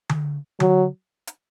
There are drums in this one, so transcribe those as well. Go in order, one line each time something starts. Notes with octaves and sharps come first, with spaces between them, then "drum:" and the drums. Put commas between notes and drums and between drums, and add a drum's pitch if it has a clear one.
drum: tom D3
F#3, drum: tom D3
drum: hi-hat